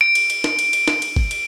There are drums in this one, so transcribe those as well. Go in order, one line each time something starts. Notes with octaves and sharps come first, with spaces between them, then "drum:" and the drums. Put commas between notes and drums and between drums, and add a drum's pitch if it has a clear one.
D7
drum: cymbal
drum: cymbal
drum: snare
drum: cymbal
drum: cymbal
drum: snare
drum: cymbal
drum: kick G1
drum: cymbal